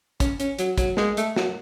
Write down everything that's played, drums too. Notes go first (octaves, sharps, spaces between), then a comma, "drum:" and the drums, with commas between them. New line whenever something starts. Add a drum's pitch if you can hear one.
C#4, drum: kick, hi-hat
C#4, drum: hi-hat
F#3, drum: hi-hat
F#3, drum: kick, hi-hat
G#3, drum: snare
A3, drum: hi-hat
F#3, drum: snare